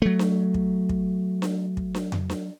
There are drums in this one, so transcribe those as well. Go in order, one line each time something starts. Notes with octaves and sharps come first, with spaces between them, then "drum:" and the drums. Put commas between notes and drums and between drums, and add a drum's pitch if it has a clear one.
F#3 A3
drum: snare D4
drum: kick
drum: kick
drum: snare D4
drum: kick
drum: snare D4
drum: tom F2
drum: snare D4